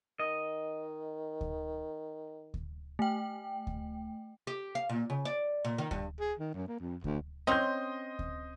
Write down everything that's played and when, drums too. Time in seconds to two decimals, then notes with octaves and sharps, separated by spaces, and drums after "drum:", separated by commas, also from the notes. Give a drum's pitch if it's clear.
0.19 D#3 D#5
1.41 drum: kick D2
2.54 drum: kick D2
2.99 A3 G5
3.67 drum: kick D2
4.47 G4
4.75 F5
4.89 A#2
5.10 C#3
5.25 D5
5.65 A#2
5.78 D#3
5.91 G2, drum: kick D2
6.20 G#4
6.39 D#3
6.54 F#2
6.68 A#3
6.80 F2
7.04 D2, drum: kick D2
7.47 C4 C#4 D#5 A#5 C6 G6
8.19 drum: kick D2